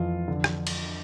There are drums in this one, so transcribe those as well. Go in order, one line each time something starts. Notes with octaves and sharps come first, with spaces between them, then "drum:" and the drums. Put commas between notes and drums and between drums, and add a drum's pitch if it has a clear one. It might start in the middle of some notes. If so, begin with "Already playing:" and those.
Already playing: F2 E3 F4
D3
drum: rim click
drum: cymbal